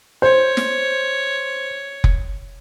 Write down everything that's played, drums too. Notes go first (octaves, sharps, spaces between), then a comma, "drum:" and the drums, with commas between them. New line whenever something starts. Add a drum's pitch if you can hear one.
C5 C#5
drum: snare
drum: kick F1